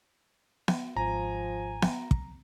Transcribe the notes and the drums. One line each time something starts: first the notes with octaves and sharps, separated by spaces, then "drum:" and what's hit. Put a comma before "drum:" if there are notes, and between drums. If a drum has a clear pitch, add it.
drum: snare B3
G#1 F3 G#5 A#5
drum: snare B3
drum: kick